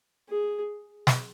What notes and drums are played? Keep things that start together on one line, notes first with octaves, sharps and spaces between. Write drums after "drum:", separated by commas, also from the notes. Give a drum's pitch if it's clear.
G#4
drum: snare